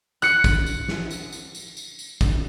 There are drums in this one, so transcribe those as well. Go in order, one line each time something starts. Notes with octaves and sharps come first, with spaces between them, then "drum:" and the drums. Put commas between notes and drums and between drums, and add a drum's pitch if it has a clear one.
F#6 C#7, drum: tambourine
drum: kick, tambourine
drum: tambourine
drum: snare
drum: tambourine
drum: tambourine
drum: tambourine
drum: tambourine
drum: tambourine
drum: kick, tambourine